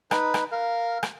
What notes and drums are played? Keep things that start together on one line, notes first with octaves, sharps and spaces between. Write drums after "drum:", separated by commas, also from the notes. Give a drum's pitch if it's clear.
D#4 B4, drum: rim click
drum: rim click
A#4 F5
drum: rim click